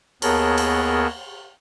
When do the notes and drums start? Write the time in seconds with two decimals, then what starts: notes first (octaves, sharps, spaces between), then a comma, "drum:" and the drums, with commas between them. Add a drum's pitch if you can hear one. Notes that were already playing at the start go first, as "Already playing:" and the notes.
0.22 D#2 B3 G#4 A#4 C#5 A5, drum: cymbal
0.58 drum: cymbal